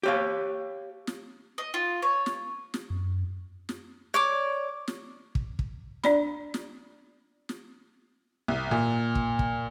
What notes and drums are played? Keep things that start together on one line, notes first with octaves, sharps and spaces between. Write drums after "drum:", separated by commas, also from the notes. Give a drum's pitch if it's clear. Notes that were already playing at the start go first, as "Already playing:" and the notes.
G4 C#5 F5
drum: snare
D#5
F4
C#5
drum: snare
drum: snare
F#2
drum: snare
C#5 D5 D6
drum: snare
drum: kick
drum: kick
D4 D5 B5, drum: snare
drum: snare
drum: snare
C2
A#2
drum: kick
drum: kick